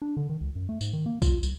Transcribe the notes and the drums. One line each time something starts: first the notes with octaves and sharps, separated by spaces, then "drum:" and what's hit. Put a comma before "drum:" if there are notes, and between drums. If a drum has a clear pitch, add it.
D4
D3
D#3
C#2
F#2
A3
G#2, drum: tambourine
D#3
A#3
F4, drum: kick B1, tambourine
C2, drum: tambourine